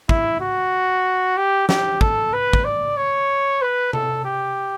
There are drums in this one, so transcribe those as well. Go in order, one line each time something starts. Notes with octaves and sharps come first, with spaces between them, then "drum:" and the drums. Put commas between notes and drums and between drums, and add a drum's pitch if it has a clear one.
E4, drum: kick
F#4
G4
G4, drum: snare
A4, drum: kick
B4
drum: kick
D5
C#5
B4
A4, drum: tom C3
G4